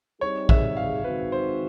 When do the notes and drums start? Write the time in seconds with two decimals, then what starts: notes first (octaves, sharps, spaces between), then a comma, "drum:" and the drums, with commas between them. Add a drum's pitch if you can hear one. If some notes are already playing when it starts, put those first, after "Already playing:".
0.21 G3 C4 D#4 G#4 C#5
0.49 E5, drum: kick A#1
0.77 F5
1.04 D#3 G#3 C4 D#4 F#4 B4
1.32 C5